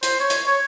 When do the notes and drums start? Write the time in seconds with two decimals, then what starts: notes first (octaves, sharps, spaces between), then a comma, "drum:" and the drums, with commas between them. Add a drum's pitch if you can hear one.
0.03 C5, drum: hi-hat
0.20 C#5
0.30 drum: hi-hat
0.47 C#5